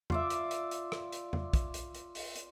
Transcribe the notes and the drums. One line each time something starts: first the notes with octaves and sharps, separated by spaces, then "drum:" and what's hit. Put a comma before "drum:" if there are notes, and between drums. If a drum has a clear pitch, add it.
F4 D5 E5, drum: tom E2
drum: hi-hat
drum: hi-hat
drum: hi-hat
drum: rim click
drum: hi-hat
drum: tom E2
drum: kick, hi-hat
drum: hi-hat
drum: hi-hat
drum: open hi-hat
drum: hi-hat